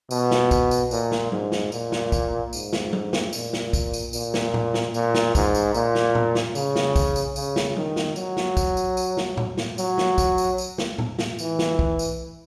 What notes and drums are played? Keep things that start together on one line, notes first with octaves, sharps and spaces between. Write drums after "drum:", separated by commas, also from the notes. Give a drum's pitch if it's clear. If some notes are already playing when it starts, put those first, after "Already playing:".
B2, drum: tambourine
drum: snare
drum: kick, tambourine
drum: tambourine
A#2, drum: tambourine
drum: snare
G#2, drum: tom F#3
drum: snare
A#2, drum: tambourine
drum: snare
drum: kick, tambourine
G#2, drum: tambourine
drum: snare
drum: tom F#3
drum: snare
A#2, drum: tambourine
drum: snare
drum: kick, tambourine
drum: tambourine
A#2, drum: tambourine
drum: snare
drum: tom A2
drum: snare
A#2, drum: tambourine
drum: snare
G#2, drum: kick, tambourine
drum: tambourine
A#2, drum: tambourine
drum: snare
drum: tom A2
drum: snare
C#3, drum: tambourine
drum: snare
drum: kick, tambourine
drum: tambourine
C#3, drum: tambourine
drum: snare
D#3, drum: tom F#3
drum: snare
F#3, drum: tambourine
drum: snare
drum: kick, tambourine
drum: tambourine
drum: tambourine
drum: snare
drum: tom A2
drum: snare
F#3, drum: tambourine
drum: snare
drum: kick, tambourine
drum: tambourine
drum: tambourine
drum: snare
drum: tom A2
drum: snare
E3, drum: tambourine
drum: snare
drum: kick
drum: tambourine